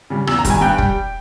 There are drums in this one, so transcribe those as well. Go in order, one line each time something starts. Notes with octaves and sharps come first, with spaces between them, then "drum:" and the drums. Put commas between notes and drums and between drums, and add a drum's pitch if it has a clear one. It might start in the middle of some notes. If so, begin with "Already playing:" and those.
C#3 G3
E2 E6, drum: rim click
A#5
D#3 G3, drum: kick E1, hi-hat
G#5
G2 G5
G3, drum: kick E1